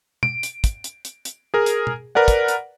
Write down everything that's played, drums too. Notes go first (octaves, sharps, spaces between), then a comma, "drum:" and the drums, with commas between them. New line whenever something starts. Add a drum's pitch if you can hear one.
D7, drum: tom
drum: hi-hat
drum: kick, hi-hat
drum: hi-hat
drum: hi-hat
drum: hi-hat
G#4 A#4
drum: hi-hat
drum: tom
A#4 B4 D5 F#5
drum: kick, hi-hat
drum: hi-hat